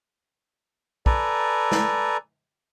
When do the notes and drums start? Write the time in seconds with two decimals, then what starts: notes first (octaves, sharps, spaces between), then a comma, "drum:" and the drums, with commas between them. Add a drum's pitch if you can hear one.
1.06 A4 B4 D5 G#5 A#5, drum: kick
1.71 drum: snare